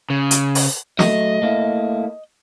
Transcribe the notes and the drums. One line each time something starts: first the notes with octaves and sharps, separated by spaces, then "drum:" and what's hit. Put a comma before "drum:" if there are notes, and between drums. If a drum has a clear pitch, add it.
C#3
drum: hi-hat
drum: open hi-hat
F#3 A3 D#5, drum: snare
A3 A#3 E4